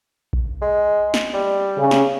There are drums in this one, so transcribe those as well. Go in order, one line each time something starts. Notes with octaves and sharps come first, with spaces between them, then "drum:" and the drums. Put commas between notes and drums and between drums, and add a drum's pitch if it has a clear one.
drum: kick A#1
G#3
drum: snare
G3
C#3
drum: snare